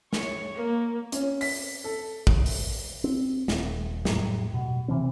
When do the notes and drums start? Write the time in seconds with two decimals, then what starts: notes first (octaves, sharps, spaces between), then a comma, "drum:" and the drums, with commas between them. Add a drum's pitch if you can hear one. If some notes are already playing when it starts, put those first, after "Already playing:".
0.13 C#5, drum: snare
0.55 A#3
1.12 C#4, drum: hi-hat
1.41 B6, drum: open hi-hat
1.84 A4
2.27 drum: kick
2.46 drum: open hi-hat
3.04 C4
3.48 D#1, drum: snare
4.05 F2 A2 F#3 G3, drum: snare
4.54 B2
4.88 C3 E3 F3 C4